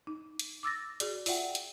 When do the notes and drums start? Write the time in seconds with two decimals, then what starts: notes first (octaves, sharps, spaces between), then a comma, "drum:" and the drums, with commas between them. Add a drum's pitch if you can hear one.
0.07 D#4
0.39 drum: hi-hat
0.63 D6 E6 A6 A#6
1.00 F#4 G#4 D5, drum: hi-hat
1.26 F4 D5 E5 F#5 G5, drum: open hi-hat
1.55 drum: hi-hat